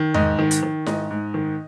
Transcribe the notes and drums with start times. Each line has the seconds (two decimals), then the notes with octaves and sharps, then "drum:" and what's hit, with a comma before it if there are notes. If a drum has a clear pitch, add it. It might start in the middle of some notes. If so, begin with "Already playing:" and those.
Already playing: D#3
0.14 G#2 D#5, drum: tom E2
0.39 D#3
0.51 drum: hi-hat
0.63 D#3
0.86 G#2 D#5, drum: snare E4
1.11 G#2
1.34 D#3